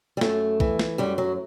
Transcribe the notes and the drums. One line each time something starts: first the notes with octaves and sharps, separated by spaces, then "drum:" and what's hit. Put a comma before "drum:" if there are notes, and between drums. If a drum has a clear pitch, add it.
G3
F#2 A3, drum: snare
E3, drum: kick
drum: snare
F#2 G3
F#3